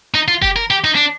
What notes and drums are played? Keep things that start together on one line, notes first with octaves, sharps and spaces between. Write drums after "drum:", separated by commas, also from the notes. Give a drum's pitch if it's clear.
D#4
F4
G4, drum: kick F1
A#4
G4
D#4
D4